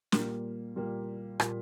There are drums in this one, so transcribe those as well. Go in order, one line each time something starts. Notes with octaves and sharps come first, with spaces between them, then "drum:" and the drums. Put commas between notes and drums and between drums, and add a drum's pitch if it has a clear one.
A#2 G3 A#3, drum: snare
A#2 G3 A#3
A#2 G3 A#3, drum: rim click